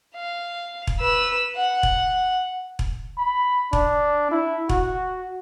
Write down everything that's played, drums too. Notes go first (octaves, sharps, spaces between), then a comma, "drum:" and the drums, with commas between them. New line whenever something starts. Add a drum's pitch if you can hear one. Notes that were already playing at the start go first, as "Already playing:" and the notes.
F5
drum: kick E1
B4 E6
F#5
drum: kick E1
drum: kick E1
B5
D4, drum: kick E1
E4
F#4, drum: kick E1